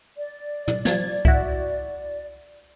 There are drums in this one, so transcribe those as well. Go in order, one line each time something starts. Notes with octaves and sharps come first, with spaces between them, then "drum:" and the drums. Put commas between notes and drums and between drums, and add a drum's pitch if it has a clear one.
D5
drum: tom
F3 G#6 A6, drum: snare
E4 F#4, drum: kick C2